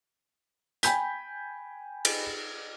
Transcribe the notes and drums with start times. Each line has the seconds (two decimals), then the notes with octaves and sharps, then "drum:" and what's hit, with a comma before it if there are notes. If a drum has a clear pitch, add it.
0.83 G5 G#5 B5 G6 B6, drum: hi-hat
2.05 drum: cymbal